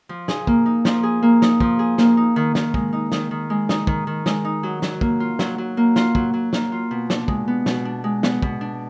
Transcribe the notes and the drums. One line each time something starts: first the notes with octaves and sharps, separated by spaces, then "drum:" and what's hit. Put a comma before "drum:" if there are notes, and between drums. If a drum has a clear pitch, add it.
F3
G#4, drum: snare
A#3, drum: kick
D#4
F3, drum: snare
G#4
A#3
D#4, drum: snare
F3, drum: kick
G#4
A#3, drum: snare
D#4
D#3
D#3, drum: snare
G#3, drum: kick
D#4
D#3, drum: snare
D#3
G#3
D#4, drum: snare
D#3, drum: kick
D#3
G#3, drum: snare
D#4
F#3
F#3, drum: snare
A#3, drum: kick
F4
F#3, drum: snare
F#3
A#3
F4, drum: snare
F#3, drum: kick
F#3
A#3, drum: snare
F4
B2
D4, drum: snare
G#3, drum: kick
B3
B2, drum: snare
D4
G#3
B3, drum: snare
B2, drum: kick
D4